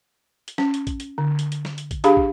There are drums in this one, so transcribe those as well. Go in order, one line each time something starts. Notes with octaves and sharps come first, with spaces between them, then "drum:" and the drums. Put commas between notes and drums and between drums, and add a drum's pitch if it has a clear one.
drum: hi-hat
C#4, drum: snare
drum: hi-hat
drum: kick, hi-hat
drum: hi-hat
D3
drum: hi-hat
drum: hi-hat
drum: snare
drum: hi-hat
drum: kick, hi-hat
D4 G4 G#4 F5 B5, drum: hi-hat
drum: kick